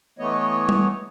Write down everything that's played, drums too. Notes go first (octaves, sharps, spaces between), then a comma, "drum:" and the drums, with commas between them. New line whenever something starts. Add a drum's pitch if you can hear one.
E3 A3 B3 C#5 D#5
drum: tom G3